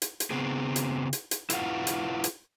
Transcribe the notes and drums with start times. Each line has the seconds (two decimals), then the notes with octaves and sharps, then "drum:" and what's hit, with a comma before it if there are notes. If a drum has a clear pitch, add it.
0.02 drum: hi-hat
0.20 drum: hi-hat
0.30 C#3 B3 C4 G#4
0.76 drum: hi-hat
1.13 drum: hi-hat
1.31 drum: hi-hat
1.50 E4 F4 B4 C5 F5 F#5, drum: hi-hat
1.87 drum: hi-hat
2.24 drum: hi-hat